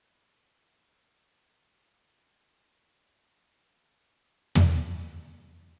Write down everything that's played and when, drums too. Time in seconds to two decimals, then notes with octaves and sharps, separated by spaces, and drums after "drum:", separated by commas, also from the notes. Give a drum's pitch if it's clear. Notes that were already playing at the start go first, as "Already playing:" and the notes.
0.22 E5
0.52 G#2
0.90 C#4
1.23 G#5
1.76 G4
2.22 C#3
2.39 A4
2.66 B4
4.55 drum: tom
4.83 F4 G#4
5.30 E2 E4 A#4